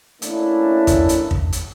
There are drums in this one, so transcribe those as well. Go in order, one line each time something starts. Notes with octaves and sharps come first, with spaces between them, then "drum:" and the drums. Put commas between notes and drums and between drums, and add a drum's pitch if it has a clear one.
A3 A#3 C#4 D4 E4, drum: hi-hat
drum: kick, hi-hat
drum: hi-hat
drum: kick
drum: hi-hat